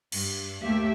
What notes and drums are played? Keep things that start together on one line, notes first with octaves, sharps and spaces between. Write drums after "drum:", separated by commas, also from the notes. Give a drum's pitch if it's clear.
G2, drum: cymbal
D#2 A3 A#3 G4 E5